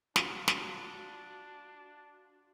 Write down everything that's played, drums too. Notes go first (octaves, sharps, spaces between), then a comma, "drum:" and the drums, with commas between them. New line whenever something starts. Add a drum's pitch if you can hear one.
D4 F4 F#4, drum: snare
drum: snare